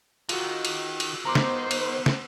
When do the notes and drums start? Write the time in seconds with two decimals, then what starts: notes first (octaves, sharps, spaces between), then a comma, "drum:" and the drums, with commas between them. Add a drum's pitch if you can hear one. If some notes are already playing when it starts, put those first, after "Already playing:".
0.29 D#3 F4 F#4, drum: cymbal
0.65 drum: cymbal
1.00 drum: cymbal
1.25 D#3 B3 C5 A#5 C6 D6
1.35 drum: snare
1.71 drum: cymbal
2.06 drum: snare